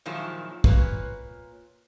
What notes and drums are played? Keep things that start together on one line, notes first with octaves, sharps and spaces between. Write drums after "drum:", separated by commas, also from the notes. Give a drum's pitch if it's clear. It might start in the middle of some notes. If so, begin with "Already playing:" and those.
A#2 D#3 F3 F#3 G#3 E4
A#2 B4 C#5, drum: kick